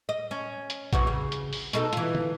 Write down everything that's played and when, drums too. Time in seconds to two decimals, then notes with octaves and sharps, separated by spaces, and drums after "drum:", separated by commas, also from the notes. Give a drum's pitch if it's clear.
0.09 D#5
0.31 C#4
0.70 drum: hi-hat
0.93 C3 E3 F#4, drum: kick A1, hi-hat
1.07 C#3
1.32 drum: hi-hat
1.53 drum: open hi-hat
1.73 B2 D#4 A4, drum: hi-hat
1.93 E3 F4, drum: hi-hat
2.15 drum: tom